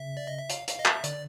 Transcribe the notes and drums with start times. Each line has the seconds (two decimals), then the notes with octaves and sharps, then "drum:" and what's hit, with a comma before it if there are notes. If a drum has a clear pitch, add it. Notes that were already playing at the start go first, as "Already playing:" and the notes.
Already playing: C#3 E5
0.17 D5
0.27 D#5
0.38 E5
0.49 F5, drum: hi-hat
0.68 F5, drum: hi-hat
0.79 D#5
0.85 E5, drum: clap
1.04 D3 D5, drum: hi-hat